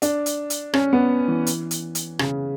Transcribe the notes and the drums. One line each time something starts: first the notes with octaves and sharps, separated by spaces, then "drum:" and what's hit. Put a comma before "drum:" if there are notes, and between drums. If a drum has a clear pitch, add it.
D4, drum: hi-hat
drum: hi-hat
drum: hi-hat
C#4, drum: rim click
B3
E3
drum: hi-hat
drum: hi-hat
drum: hi-hat
C#3, drum: rim click